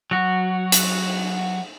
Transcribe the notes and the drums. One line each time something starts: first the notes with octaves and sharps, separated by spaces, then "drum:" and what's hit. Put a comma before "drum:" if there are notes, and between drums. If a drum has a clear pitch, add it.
F#3 F#4
drum: hi-hat